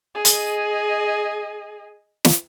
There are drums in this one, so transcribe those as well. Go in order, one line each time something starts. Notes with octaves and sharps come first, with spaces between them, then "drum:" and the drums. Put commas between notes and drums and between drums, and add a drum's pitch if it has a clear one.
G#4 D#5
drum: hi-hat
drum: snare